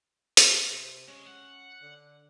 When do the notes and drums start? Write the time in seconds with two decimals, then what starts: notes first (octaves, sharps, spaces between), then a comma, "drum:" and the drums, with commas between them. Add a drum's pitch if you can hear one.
0.37 drum: hi-hat
0.71 C3
1.08 G#3 C#4
1.27 F#5
1.82 D3